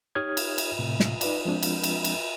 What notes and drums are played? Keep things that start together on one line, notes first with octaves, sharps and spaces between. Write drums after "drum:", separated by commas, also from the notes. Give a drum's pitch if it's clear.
D#4 G4 C#5 D#6 F6 G#6
drum: cymbal
drum: cymbal
A2 C3
drum: snare
D#4 B4 D5, drum: cymbal
F3 G#3 C4 D4
drum: cymbal
drum: cymbal
drum: cymbal